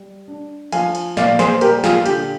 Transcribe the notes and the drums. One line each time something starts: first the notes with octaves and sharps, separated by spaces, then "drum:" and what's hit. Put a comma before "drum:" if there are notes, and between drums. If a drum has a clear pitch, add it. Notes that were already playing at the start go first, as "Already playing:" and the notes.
Already playing: G3
D4
F3 F5 G#5, drum: cymbal
drum: cymbal
A#2 D5 F5, drum: snare
G#4 C5, drum: snare
G3 G4 A#4, drum: cymbal
F4 G#4, drum: snare
D3 G4, drum: cymbal